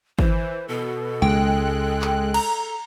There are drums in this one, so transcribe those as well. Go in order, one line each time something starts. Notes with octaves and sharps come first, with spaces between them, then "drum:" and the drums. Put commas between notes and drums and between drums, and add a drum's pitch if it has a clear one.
E3 C5, drum: kick
B2 A4
C#2 G#3 G5 F#6
drum: clap
A#5, drum: cymbal